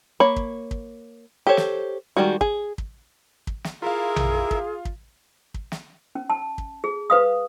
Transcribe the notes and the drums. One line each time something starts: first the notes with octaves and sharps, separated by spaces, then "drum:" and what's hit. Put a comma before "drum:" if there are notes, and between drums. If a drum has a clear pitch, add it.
A#3 C#5 B5
drum: kick
drum: kick
G4 A4 C5 C#5
drum: snare
D#3 G3 G#3 F#4
G#4, drum: kick
drum: kick
drum: kick
drum: snare
E4 F4 G#4 A#4 E5 F5
drum: tom A#1
drum: kick
drum: kick
drum: kick
drum: snare
C#4
A5
drum: kick
G#4
B4 F5 D#6